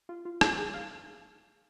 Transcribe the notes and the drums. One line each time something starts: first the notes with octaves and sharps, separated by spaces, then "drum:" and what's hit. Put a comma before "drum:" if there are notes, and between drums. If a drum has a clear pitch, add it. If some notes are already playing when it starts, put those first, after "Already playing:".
F4
F4
F#4, drum: rim click
G#4
F5